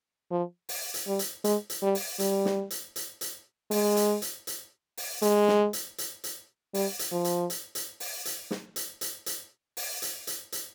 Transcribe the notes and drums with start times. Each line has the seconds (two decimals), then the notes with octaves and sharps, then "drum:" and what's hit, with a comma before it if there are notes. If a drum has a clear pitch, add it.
0.31 F3
0.69 drum: open hi-hat
0.94 drum: hi-hat
1.07 G3
1.19 drum: hi-hat
1.44 G#3, drum: hi-hat
1.70 drum: hi-hat
1.83 G3
1.95 drum: open hi-hat
2.19 G3, drum: hi-hat
2.45 drum: snare
2.70 drum: hi-hat
2.96 drum: hi-hat
3.21 drum: hi-hat
3.71 G#3, drum: open hi-hat
3.97 drum: hi-hat
4.22 drum: hi-hat
4.47 drum: hi-hat
4.97 drum: open hi-hat
5.22 G#3, drum: hi-hat
5.48 drum: snare
5.73 drum: hi-hat
5.98 drum: hi-hat
6.24 drum: hi-hat
6.74 G3, drum: open hi-hat
6.99 drum: hi-hat
7.12 F3
7.24 drum: hi-hat
7.50 drum: hi-hat
7.75 drum: hi-hat
8.00 drum: open hi-hat
8.25 drum: hi-hat
8.51 drum: snare
8.76 drum: hi-hat
9.01 drum: hi-hat
9.26 drum: hi-hat
9.77 drum: open hi-hat
10.02 drum: hi-hat
10.27 drum: hi-hat
10.52 drum: hi-hat